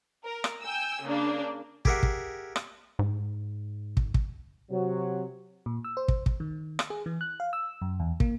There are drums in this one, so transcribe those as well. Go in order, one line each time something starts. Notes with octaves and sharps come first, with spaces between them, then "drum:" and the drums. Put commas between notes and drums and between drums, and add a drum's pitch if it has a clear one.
A#4
drum: rim click
G5 G#5 E6
C#3 A#3 D4
G4 G#4 A#4 E5 F#5, drum: kick
drum: kick
drum: rim click
G#2
drum: kick
drum: kick
C3 F#3
A#2
E6
C5
drum: kick
drum: kick
D#3
drum: rim click
G#4
E3
F#6
F5
E6
F#2
E2
A#3, drum: kick